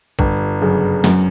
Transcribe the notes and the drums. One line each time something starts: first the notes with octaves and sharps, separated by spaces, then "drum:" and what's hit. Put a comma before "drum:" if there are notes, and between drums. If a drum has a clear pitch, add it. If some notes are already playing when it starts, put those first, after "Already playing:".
G1, drum: kick
F#2 C#3
F#2, drum: snare